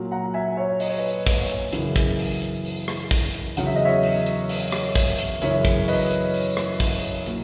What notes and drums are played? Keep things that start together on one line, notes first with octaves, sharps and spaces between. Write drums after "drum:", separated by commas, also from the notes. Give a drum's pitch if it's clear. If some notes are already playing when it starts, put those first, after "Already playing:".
Already playing: A#2 F#3
F#5 A#5
A#5
E5 G#5
C#5 E5
D#5, drum: open hi-hat
C#5
B4 D#5
drum: kick, open hi-hat
drum: hi-hat
F#2 C#3 E3, drum: hi-hat
drum: kick, hi-hat
drum: open hi-hat
drum: hi-hat
drum: open hi-hat
drum: rim click
drum: kick, open hi-hat
drum: hi-hat
E2 C#3 F#3 F#5, drum: hi-hat
E5
D#5
C#5 E5
drum: open hi-hat
drum: hi-hat
drum: open hi-hat
drum: rim click
drum: kick, open hi-hat
drum: hi-hat
F#2 C#3 E3 C#5 E5, drum: hi-hat
drum: kick, hi-hat
B4 D#5, drum: open hi-hat
drum: hi-hat
drum: open hi-hat
drum: rim click
drum: kick, open hi-hat
A#2 F#3, drum: hi-hat